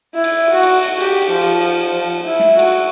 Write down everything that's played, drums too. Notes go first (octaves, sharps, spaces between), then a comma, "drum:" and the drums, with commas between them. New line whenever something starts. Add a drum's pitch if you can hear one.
E4
drum: cymbal
F#4
drum: cymbal
drum: cymbal
G4, drum: cymbal
drum: cymbal
F3
drum: cymbal
drum: cymbal
drum: cymbal
F3
E4
drum: snare
F#4, drum: cymbal